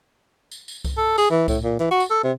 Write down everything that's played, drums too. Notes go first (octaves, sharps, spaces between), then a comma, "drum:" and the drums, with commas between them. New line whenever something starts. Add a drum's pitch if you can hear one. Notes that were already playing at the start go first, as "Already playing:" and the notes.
drum: tambourine
drum: tambourine
drum: kick C2, tambourine
A4
G#4, drum: tambourine
E3
A2, drum: kick C2, tambourine
A#2
E3
F#4
drum: tambourine
A4
C3